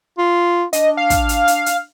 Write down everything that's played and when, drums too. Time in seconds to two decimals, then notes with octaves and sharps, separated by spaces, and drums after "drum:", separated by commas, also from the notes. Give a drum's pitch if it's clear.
0.18 F4
0.73 D4 D#5, drum: hi-hat
0.97 F5
1.10 drum: kick, hi-hat
1.29 drum: hi-hat
1.48 drum: hi-hat
1.66 drum: hi-hat